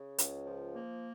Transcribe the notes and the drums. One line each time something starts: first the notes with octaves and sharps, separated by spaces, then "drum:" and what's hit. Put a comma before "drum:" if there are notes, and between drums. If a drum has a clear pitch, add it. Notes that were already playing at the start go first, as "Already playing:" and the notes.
Already playing: C#3
C#2, drum: hi-hat
F3
A#3